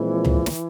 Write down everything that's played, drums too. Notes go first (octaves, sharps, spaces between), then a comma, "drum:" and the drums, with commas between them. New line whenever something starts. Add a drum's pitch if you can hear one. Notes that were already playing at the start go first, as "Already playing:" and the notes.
Already playing: A#2 E3 F3 G#3 C4
drum: tom C#2
drum: snare